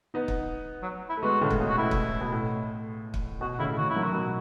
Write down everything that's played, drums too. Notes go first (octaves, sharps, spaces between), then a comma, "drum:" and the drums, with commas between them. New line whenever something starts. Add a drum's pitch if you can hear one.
B3 D#4
drum: kick
F#3
E4
A3
G#3 B3 F#4
A2 C#3
drum: kick
B2
F#4
A2 E4
drum: kick
B2
A2
drum: kick
B2 F#4
A2 C#3 E4
C#3 E3 F#4
E4
D#3 F#3
F#4
B2